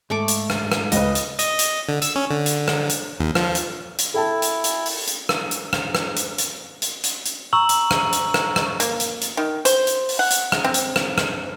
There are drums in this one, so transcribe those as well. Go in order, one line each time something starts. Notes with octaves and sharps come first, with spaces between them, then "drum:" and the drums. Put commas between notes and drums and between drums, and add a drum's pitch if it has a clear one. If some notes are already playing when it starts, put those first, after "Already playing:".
G#2 A3 A4 D6
drum: hi-hat
drum: rim click
drum: rim click
C#2 B4 D#5, drum: hi-hat
drum: hi-hat
D#5, drum: hi-hat
drum: hi-hat
D3
E6, drum: hi-hat
C#4
D3
drum: hi-hat
drum: rim click
drum: hi-hat
D#2
F3, drum: rim click
drum: hi-hat
drum: hi-hat
E4 A4 G5 A5
drum: hi-hat
drum: hi-hat
drum: open hi-hat
drum: hi-hat
drum: rim click
drum: hi-hat
drum: rim click
drum: rim click
drum: hi-hat
drum: hi-hat
drum: hi-hat
drum: hi-hat
drum: hi-hat
A#5 C#6 E6 F#7
drum: hi-hat
drum: rim click
drum: hi-hat
drum: rim click
drum: rim click
A#3, drum: hi-hat
drum: hi-hat
drum: hi-hat
D#3
C5, drum: hi-hat
drum: hi-hat
drum: open hi-hat
F#5
drum: hi-hat
drum: rim click
C4
drum: hi-hat
drum: rim click
drum: rim click